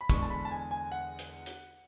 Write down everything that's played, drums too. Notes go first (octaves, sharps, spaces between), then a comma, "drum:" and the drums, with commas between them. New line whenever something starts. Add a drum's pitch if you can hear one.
B5
E2 D3 G#3 C#6, drum: kick, hi-hat
A5
B5
A5
G#5
G#5
F#5
drum: hi-hat
drum: hi-hat